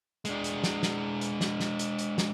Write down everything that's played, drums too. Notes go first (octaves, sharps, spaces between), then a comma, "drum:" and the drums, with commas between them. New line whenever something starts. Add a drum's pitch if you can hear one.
G#3 D4, drum: hi-hat
drum: hi-hat
drum: snare
drum: snare
drum: hi-hat
drum: snare
drum: snare
drum: hi-hat
drum: hi-hat
drum: snare